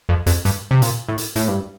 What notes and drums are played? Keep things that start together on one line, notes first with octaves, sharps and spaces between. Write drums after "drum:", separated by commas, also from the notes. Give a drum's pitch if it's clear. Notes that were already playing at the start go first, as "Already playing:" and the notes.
F2
F2, drum: hi-hat
G2, drum: hi-hat
C3
A#2, drum: hi-hat
A2
drum: hi-hat
A2, drum: hi-hat
G2